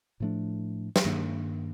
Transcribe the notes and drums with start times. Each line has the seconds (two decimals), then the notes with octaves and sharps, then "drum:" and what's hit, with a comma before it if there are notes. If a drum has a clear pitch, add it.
0.20 A2 F3 A3 D4
0.96 drum: snare
1.05 G2 D#3 A#3 D4